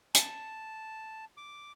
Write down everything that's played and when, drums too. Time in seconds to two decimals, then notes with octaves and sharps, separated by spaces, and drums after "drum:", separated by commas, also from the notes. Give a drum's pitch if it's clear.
0.14 A5, drum: hi-hat
1.37 D6